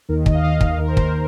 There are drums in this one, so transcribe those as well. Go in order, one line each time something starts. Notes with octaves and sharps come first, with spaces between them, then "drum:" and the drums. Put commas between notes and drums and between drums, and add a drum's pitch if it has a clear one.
D#2 D#3 A#4
D#5, drum: kick
F5
D#2 D#3 D#5
drum: kick
D#2 D#3 A#4
C5
A#4, drum: kick